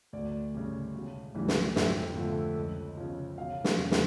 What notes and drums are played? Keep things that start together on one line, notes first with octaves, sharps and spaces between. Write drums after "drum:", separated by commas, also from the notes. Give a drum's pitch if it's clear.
D2 D5
C#3 G3
E1
D2 C#3 E3 G3
drum: snare
F2 E5, drum: snare
D3 F3 A3
C#2
C#3 F3
E1 F5
drum: snare
E2 C#3
drum: snare